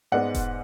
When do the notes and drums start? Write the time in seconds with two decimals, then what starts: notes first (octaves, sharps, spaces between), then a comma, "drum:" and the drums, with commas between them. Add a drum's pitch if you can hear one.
0.12 G#2 G#3 B3 D5 F#5
0.34 drum: kick E1, hi-hat